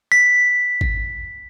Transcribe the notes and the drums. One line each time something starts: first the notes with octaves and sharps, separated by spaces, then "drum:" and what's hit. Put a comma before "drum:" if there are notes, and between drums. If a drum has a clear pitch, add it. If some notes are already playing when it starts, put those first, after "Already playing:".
B6
drum: kick G#1